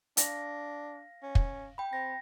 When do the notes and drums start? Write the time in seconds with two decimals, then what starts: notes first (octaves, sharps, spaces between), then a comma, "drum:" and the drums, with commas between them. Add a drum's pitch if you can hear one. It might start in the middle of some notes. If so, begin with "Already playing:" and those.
0.17 D4 F5 A#6, drum: hi-hat
1.23 C#4
1.35 drum: kick
1.78 G5 B5
1.93 C4 A#6